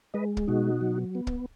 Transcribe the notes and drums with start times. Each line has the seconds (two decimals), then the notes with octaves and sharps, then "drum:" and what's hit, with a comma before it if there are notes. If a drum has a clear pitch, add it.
0.14 G#3 B4 D#5
0.37 drum: kick
0.47 B2 D#4 F#4
0.81 F#3
1.15 B3
1.27 drum: kick